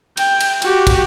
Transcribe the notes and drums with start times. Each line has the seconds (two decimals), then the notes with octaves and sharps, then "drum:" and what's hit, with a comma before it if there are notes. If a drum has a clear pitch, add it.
0.17 G5, drum: cymbal
0.40 drum: cymbal
0.62 F#4 G4, drum: cymbal
0.87 drum: kick, cymbal